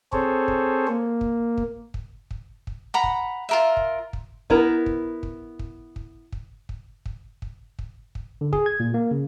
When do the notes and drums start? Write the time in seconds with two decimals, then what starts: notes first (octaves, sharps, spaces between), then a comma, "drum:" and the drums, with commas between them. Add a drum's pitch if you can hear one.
0.13 C4 G#4 A4 C5 C#5, drum: kick
0.48 drum: kick
0.88 A#3
1.21 drum: kick
1.58 drum: kick
1.94 drum: kick
2.31 drum: kick
2.67 drum: kick
2.94 F#5 A#5 B5
3.04 drum: kick
3.49 F4 A#4 E5
3.77 drum: kick
4.13 drum: kick
4.50 B3 E4 A#4, drum: kick
4.86 drum: kick
5.23 drum: kick
5.59 drum: kick
5.96 drum: kick
6.32 drum: kick
6.69 drum: kick
7.06 drum: kick
7.42 drum: kick
7.79 drum: kick
8.15 drum: kick
8.41 D3
8.53 G#4, drum: kick
8.66 G#6
8.80 A#2
8.94 A#3
9.11 C#3